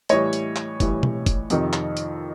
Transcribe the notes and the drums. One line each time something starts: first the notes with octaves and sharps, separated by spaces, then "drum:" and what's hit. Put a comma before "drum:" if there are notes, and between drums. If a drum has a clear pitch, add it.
A2 E3 G3 C#5 D#5, drum: hi-hat
drum: hi-hat
drum: clap
A2 E3 G3, drum: kick, hi-hat
drum: tom B2
drum: kick, hi-hat
F2 C3 D#3, drum: hi-hat
drum: clap
drum: hi-hat